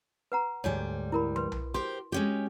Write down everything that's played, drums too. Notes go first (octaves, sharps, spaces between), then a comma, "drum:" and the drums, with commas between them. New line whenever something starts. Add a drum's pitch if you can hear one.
B4 F#5 A#5
D2 G#2 G3 C#5 G#5
E4 A#4 B5
B4 C6, drum: tom
drum: tom B1
G4 A#4 C5 C6
G#3 C#4 G4